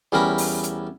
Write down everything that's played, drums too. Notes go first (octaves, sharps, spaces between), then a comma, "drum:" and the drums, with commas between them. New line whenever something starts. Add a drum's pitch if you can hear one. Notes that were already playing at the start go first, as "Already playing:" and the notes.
E2 G3 C#4 A#4 B5
drum: open hi-hat
drum: hi-hat